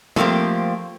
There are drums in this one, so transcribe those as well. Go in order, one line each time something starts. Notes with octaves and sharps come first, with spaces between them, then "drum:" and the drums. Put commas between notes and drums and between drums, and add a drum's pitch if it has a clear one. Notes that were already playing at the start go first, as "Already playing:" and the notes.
F3 A3 A#3 C4 G4, drum: tom